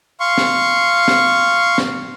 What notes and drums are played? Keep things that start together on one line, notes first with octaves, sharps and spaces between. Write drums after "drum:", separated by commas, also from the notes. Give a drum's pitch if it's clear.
F5 C6 C#6
drum: snare
drum: snare
drum: snare